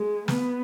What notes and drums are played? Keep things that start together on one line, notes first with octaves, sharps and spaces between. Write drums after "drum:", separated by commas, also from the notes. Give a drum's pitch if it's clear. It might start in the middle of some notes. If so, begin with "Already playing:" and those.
Already playing: G#3
B3, drum: snare